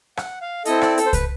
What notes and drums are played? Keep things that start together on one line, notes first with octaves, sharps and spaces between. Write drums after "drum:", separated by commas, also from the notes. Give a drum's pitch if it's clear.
F#5, drum: rim click
F5
C4 E4 A4 D#5, drum: hi-hat
D5, drum: rim click
A4, drum: hi-hat
C5
B4, drum: kick C2, hi-hat